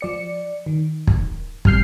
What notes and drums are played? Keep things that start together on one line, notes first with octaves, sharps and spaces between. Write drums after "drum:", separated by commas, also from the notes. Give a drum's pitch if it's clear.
F3 D5 C#7
D#3
drum: kick
A1 C3 G3 F6 G6 C7, drum: kick